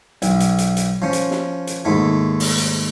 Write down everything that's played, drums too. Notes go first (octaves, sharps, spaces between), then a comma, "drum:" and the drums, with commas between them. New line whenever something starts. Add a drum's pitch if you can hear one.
B1, drum: hi-hat
drum: hi-hat
drum: hi-hat
drum: hi-hat
F3 C#4
drum: hi-hat
drum: snare
drum: hi-hat
D#2 G#2 A3
drum: open hi-hat
drum: hi-hat